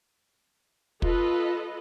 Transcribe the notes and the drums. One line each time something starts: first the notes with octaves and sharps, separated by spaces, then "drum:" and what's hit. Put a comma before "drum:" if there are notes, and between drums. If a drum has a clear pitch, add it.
F4 A4 B4 D#5, drum: kick